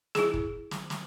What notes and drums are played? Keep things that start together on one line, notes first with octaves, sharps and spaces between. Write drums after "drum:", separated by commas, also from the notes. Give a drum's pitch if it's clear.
E4 G#4, drum: snare
drum: kick
drum: snare
drum: snare